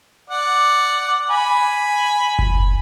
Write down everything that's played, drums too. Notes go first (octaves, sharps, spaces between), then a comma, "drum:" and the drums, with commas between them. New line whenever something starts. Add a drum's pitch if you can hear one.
D5 F#5
G#5 B5
drum: kick F#1